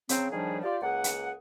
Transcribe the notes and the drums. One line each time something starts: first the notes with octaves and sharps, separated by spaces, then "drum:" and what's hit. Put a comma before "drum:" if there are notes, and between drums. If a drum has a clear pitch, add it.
C#3 F#3 C4, drum: hi-hat
A2 D#3 F3 G3 D4 G#4
F4 G4 D5
C#2 A#3 G#4 F#5
drum: hi-hat